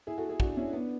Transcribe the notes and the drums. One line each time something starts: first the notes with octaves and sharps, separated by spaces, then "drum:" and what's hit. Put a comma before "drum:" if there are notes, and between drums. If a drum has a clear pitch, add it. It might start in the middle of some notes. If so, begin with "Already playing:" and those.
E4 G#4
F#4 A4
E4 G#4
D4 F#4, drum: kick
C#4 E4
B3 D4